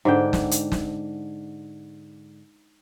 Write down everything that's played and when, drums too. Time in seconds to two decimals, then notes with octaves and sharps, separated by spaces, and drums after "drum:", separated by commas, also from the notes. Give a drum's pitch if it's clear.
0.05 G#2 D3 G5
0.33 drum: snare
0.51 drum: hi-hat
0.72 drum: snare